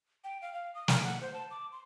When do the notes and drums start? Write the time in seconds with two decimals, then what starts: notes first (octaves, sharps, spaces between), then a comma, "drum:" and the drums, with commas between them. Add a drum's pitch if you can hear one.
0.24 G5
0.42 F5
0.54 F5
0.75 D#6
0.88 F6, drum: snare
1.04 F#5
1.21 C5
1.34 A5
1.51 D6
1.72 C6